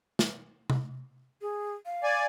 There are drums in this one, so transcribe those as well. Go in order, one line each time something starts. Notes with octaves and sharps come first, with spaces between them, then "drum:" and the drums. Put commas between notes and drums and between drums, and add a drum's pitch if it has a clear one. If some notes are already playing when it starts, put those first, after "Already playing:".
drum: snare
drum: tom C3
G#4
F5
D5 G#5